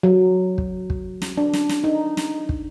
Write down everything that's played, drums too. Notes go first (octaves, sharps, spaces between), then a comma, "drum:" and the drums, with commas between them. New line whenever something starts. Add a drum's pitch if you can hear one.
F#3
drum: kick
drum: kick
drum: snare
D4
drum: snare
drum: snare
D#4
drum: snare
drum: kick